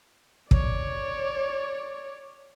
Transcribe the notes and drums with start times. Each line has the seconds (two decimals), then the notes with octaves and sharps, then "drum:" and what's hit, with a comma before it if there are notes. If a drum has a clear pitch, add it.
0.51 C#5 D5, drum: kick